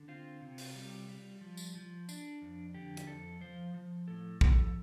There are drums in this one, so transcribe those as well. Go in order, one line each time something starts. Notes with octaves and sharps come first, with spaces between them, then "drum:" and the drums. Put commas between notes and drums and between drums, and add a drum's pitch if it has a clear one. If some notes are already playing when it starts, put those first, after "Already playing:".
Already playing: D3
C4 F4
C3
drum: open hi-hat
G3
G3
F3
drum: tambourine
F3
D4, drum: tambourine
F2
D3 G4
drum: hi-hat
F2 A4
F3 C5
F3
A2 A4
F3 A4, drum: kick